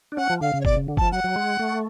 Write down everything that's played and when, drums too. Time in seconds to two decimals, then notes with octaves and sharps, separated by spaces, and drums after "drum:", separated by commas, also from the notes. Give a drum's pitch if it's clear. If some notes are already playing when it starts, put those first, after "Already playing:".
0.12 D4
0.17 C#4 F#5
0.30 F3
0.41 D3 F5
0.53 C#3
0.61 C#5
0.65 B2 D5, drum: kick
0.76 C#3
0.88 D3
0.97 F3 A5, drum: kick
1.12 F#3 F#5
1.24 F#3
1.36 G#3
1.59 A3